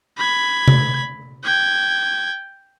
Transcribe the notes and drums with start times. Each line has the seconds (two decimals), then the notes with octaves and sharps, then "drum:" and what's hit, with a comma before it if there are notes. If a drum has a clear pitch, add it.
0.17 B5 G#6
0.68 drum: tom C3
1.44 G5 G#6